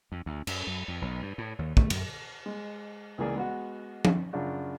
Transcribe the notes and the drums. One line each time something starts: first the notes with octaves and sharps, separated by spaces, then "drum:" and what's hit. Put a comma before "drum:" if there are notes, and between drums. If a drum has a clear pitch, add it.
F2
D2
F#2, drum: cymbal
F#2
F2
B1
G2
A2
D#2
A3, drum: kick
F#2, drum: cymbal
G#3
C#2 E3 A#3 G#4 D5
G#3 B3 F#4
drum: tom F3
F#2 C#3 D4 F4